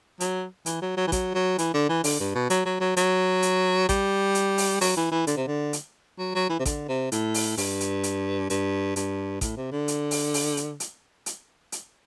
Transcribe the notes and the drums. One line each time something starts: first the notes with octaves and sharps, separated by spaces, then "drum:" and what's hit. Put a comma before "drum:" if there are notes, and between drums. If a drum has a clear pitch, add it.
F#3, drum: hi-hat
E3, drum: hi-hat
F#3
F#3
E3
F#3, drum: kick A1, hi-hat
F#3
E3, drum: hi-hat
D3
E3
D3, drum: open hi-hat
G2
B2
F#3, drum: hi-hat
F#3
F#3
F#3, drum: hi-hat
drum: hi-hat
G3, drum: kick A1, hi-hat
drum: hi-hat
drum: open hi-hat
F#3, drum: open hi-hat
E3
E3
D3, drum: hi-hat
C3
D3
drum: hi-hat
F#3
F#3
E3
C3
D3, drum: kick A1, hi-hat
C3
A2, drum: hi-hat
drum: open hi-hat
G2, drum: open hi-hat
drum: hi-hat
drum: hi-hat
G2, drum: hi-hat
G2, drum: hi-hat
A2, drum: kick A1, hi-hat
C3
D3
drum: hi-hat
drum: open hi-hat
drum: open hi-hat
drum: hi-hat
drum: hi-hat
drum: hi-hat
drum: hi-hat